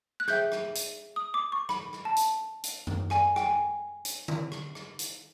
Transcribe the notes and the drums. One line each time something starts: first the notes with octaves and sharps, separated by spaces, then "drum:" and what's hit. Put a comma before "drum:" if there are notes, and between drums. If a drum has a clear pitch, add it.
F#6
G#4 C5 E5 G5 G6, drum: rim click
drum: rim click
drum: hi-hat
D#6
D6
C#6
B5, drum: rim click
drum: rim click
A5
drum: hi-hat
drum: hi-hat
drum: tom F#2
A4 D5 F#5 G#5, drum: rim click
G5, drum: rim click
G#5
drum: hi-hat
drum: tom D3
drum: rim click
drum: rim click
drum: hi-hat